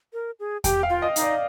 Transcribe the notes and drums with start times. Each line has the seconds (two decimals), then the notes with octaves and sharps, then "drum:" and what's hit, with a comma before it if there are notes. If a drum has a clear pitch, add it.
0.13 A#4
0.40 G#4
0.64 G4 G5, drum: kick E2, hi-hat
0.83 F5
0.90 F4
1.02 D#5
1.16 D#4, drum: hi-hat
1.22 D5